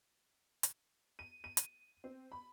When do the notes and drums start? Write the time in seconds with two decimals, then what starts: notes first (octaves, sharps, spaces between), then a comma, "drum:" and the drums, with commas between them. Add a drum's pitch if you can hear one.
0.63 drum: hi-hat
1.19 D#7
1.44 D#7
1.57 drum: hi-hat
2.04 C4
2.32 B5